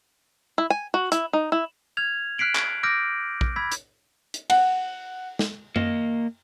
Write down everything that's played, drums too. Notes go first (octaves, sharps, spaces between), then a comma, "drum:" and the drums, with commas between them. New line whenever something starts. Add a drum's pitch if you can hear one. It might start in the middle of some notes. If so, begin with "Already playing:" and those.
E4
G#5
F#4
E4, drum: hi-hat
D#4
E4
F6 G#6 F7
F6 F#6 B6 C7 D7 F#7
drum: clap
D6 E6 F6 G6 A#6 D7
drum: kick A#1
B5 E6 G#6 B6
drum: hi-hat
drum: hi-hat
F#5, drum: cymbal
drum: snare
A#3 D#5, drum: tom F#2